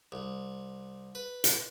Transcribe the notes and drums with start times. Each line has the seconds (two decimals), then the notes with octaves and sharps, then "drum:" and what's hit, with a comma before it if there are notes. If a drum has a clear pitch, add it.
0.12 C2
1.15 B4
1.44 drum: hi-hat